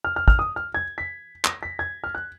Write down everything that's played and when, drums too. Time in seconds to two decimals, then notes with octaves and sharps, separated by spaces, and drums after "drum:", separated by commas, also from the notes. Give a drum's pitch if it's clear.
0.04 F6
0.16 F6
0.28 F6, drum: kick
0.39 D#6
0.56 F6
0.74 G#6
0.98 B6
1.45 A#6, drum: clap
1.63 B6
1.79 G#6
2.04 F6
2.15 F#6